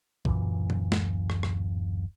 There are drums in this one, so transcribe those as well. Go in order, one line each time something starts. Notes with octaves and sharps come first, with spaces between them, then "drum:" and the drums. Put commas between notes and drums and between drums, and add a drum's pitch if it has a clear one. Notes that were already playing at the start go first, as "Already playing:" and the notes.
D1 F#2 A#2 E3, drum: kick A#1
drum: tom A#2
drum: snare
drum: rim click
drum: rim click